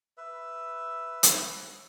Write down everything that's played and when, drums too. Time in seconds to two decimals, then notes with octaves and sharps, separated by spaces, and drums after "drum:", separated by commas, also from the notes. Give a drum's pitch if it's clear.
0.17 B4 E5
1.23 drum: hi-hat